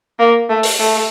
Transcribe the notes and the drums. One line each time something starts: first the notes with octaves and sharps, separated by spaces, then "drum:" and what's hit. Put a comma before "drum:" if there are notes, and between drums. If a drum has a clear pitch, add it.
A#3
A3
drum: open hi-hat
A3